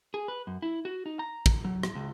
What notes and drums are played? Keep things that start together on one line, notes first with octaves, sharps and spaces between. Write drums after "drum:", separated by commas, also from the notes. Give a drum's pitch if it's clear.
G#4
B4
F#2
E4
F#4
D#4
A#5
drum: kick
F#3
drum: rim click
C#2